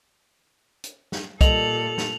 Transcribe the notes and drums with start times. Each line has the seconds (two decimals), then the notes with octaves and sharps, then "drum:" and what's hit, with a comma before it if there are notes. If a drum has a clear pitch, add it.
0.84 drum: hi-hat
1.12 drum: snare
1.41 A#2 G3 A4 D#5 F7 F#7, drum: kick C2, hi-hat
1.98 drum: snare